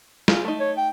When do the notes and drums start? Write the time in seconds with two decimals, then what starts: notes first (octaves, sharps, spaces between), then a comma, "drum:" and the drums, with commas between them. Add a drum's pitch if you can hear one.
0.28 F4 G#4, drum: snare
0.45 A3 D#4
0.60 C#5
0.77 G5